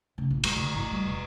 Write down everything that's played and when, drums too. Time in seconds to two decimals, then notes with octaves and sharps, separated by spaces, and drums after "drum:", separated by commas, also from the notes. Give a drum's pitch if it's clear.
0.18 C#3
0.30 A#1
0.44 G#3, drum: cymbal
0.56 D3
0.74 A1
0.92 G3
1.06 E1